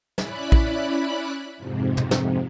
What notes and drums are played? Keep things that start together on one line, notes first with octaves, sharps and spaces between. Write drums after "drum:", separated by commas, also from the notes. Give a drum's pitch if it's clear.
C#4 E4 D5 B5 F#6, drum: snare
drum: kick
F2 G#2 C3
drum: tom
drum: snare